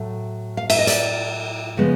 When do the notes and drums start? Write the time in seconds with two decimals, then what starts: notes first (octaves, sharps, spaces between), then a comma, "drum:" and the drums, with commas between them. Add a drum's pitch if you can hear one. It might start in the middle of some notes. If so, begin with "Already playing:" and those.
Already playing: A2 F#3 A3
0.57 F5
0.70 E5, drum: cymbal
0.79 D#5
0.87 D5, drum: hi-hat
1.77 C#3 F3 G#3 B3